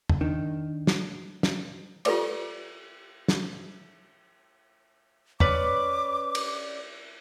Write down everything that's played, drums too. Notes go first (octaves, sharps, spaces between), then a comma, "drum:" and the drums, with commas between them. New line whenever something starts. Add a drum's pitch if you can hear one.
drum: tom E2
D#3 D4
drum: snare
drum: snare
F4 G4 A4 B4 D5 D6, drum: cymbal
drum: snare
C#4 B4 D5 D6, drum: tom E2
drum: cymbal